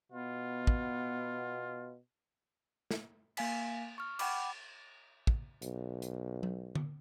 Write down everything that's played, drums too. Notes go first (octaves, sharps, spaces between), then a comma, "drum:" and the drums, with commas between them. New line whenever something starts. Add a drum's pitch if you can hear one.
B2 B3 F4
drum: kick
drum: snare
A#3 F5 G#5 B6, drum: cymbal
C#6 F6
F#5 G5 B5 D6, drum: cymbal
drum: kick
B1, drum: hi-hat
drum: hi-hat
drum: tom F#3
drum: tom D3